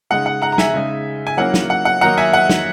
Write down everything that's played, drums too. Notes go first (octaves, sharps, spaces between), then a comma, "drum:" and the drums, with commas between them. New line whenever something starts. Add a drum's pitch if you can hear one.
C#3 G#3 D#4 F#5
F#5
F#5 A#5
A#5
E5 G#5, drum: snare
C#3 G#3 D#4
G#5
F#3 A#3 C#4 E4 F#5
drum: snare
F#5
F#5
D#3 F#3 A#3 D#4 F#5 A#5
E5 G#5
F#5
drum: snare